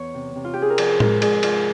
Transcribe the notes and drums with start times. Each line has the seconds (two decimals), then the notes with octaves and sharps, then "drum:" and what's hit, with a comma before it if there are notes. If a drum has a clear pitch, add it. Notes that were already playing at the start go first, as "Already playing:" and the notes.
Already playing: E2 C#5
0.15 C3
0.36 C3
0.45 F4
0.54 C#4 G4
0.62 G#4
0.70 A#4
0.78 F3 C5, drum: cymbal
1.00 G#3 A#4, drum: tom A2
1.22 G#2 G#4, drum: cymbal
1.43 G#2 F4, drum: cymbal